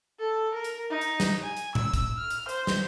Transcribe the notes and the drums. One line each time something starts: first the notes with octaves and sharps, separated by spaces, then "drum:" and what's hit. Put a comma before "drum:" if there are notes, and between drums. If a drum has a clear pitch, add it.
A4
A#4
drum: hi-hat
D#4
drum: hi-hat
drum: snare
G#5
drum: hi-hat
E6, drum: tom A2
drum: kick, hi-hat
F6
drum: hi-hat
C5, drum: hi-hat
drum: snare